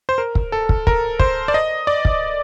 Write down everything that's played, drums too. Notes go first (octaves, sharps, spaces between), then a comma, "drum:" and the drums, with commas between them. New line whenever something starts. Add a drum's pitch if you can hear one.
C5
A#4
drum: kick
A4
drum: kick
A#4, drum: kick
C5, drum: kick
D5
D#5
D5
drum: kick